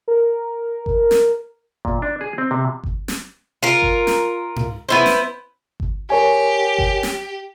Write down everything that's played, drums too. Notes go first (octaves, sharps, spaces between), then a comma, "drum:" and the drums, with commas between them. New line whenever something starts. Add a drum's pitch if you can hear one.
A#4
drum: kick G1
drum: snare
A#2, drum: kick G1
D4
G#4
C4
C3
drum: kick G1
drum: snare
F4 A#4
drum: kick G1
drum: snare
drum: tom G#2
B3 E4 C5
drum: snare
drum: kick G1
G4 A#4 C#5 G#5
drum: kick G1
drum: snare